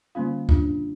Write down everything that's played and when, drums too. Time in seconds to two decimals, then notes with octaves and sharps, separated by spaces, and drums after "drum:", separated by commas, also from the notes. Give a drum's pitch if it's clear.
0.15 D3 G3 A#3 C#4 F4 F5
0.49 D4 F4, drum: kick